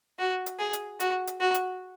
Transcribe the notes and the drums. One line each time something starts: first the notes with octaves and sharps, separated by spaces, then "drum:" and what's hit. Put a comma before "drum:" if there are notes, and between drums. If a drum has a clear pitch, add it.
F#4
drum: hi-hat
G#4
drum: hi-hat
F#4, drum: hi-hat
drum: hi-hat
F#4
drum: hi-hat